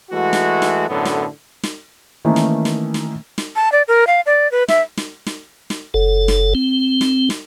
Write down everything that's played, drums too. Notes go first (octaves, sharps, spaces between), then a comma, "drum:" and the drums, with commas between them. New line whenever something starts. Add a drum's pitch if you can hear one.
E3 G#3 A3 F#4
drum: snare
drum: snare
F#2 A2 D3 F#3 B3 A4
drum: snare
drum: snare
D#3 E3 A3 A#3 C#4 D#4
drum: snare
drum: snare
drum: snare
drum: snare
A5
D5
A#4
F5
D5
B4
E5, drum: snare
drum: snare
drum: snare
drum: snare
F#1 A4
drum: snare
C4
drum: snare
drum: snare